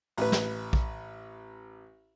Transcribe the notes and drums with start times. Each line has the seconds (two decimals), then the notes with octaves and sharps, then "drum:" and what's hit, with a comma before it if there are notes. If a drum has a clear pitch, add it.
0.18 A1 B4, drum: open hi-hat
0.32 drum: snare
0.73 drum: kick A#1